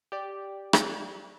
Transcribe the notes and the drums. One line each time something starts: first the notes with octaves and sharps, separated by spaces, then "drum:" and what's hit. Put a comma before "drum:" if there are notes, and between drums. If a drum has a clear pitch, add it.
G4 D5
drum: rim click